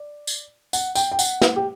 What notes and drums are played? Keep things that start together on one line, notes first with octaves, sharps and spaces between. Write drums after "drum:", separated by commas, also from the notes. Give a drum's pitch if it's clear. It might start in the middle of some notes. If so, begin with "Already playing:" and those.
Already playing: D5
drum: tambourine
F#5, drum: tambourine
G5, drum: tambourine
G5
F#5, drum: tambourine
drum: snare
G4